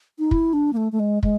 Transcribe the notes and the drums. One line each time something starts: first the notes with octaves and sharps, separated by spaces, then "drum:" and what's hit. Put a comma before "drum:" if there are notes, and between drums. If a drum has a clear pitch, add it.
D#4
E4, drum: kick
D4
A#3
A3
A3
G#3
G#3, drum: kick